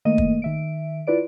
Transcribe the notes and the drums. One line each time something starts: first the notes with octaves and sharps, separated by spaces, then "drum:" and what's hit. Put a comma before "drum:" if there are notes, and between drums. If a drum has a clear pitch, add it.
D#3 A3 A#3 D#5 D#7
drum: kick
D#3 E5 D7
E4 F4 B4 D5 D7